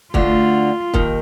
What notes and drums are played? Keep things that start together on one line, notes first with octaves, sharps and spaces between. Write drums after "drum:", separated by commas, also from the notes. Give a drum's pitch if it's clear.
D2 D3 F4, drum: kick
D#2 D#3, drum: kick